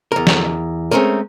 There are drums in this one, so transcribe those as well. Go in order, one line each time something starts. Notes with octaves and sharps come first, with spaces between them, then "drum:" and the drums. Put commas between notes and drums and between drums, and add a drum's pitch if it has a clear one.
E2 A#4
drum: snare
G#3 A3 C4 C#4 A#4